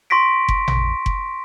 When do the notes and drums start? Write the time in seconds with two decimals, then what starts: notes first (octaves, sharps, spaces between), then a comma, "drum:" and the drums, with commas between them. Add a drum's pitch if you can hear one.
0.10 C6 C#6 A#6 B6 D7
0.48 drum: kick F#1
0.68 drum: tom A1
1.06 drum: kick F#1